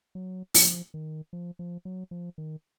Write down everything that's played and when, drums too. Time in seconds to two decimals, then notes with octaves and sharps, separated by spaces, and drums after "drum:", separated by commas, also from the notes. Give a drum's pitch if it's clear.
0.15 F#3
0.54 F3, drum: open hi-hat
0.94 D#3
1.33 F3
1.59 F3
1.85 F#3
2.11 F3
2.38 D#3